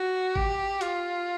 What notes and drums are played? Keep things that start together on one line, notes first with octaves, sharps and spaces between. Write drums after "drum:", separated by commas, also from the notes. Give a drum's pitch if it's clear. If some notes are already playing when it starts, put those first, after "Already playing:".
Already playing: F#4
G4, drum: kick G#1
F4, drum: hi-hat